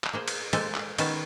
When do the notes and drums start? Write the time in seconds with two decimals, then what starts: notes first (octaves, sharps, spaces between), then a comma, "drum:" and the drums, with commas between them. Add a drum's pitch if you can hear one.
0.04 drum: clap
0.13 A#3 G#4 C5
0.28 drum: cymbal
0.53 G#3 A#3 A4 C5 G#5, drum: cymbal
0.75 drum: clap
0.98 D#3 B3 C#4 A5, drum: cymbal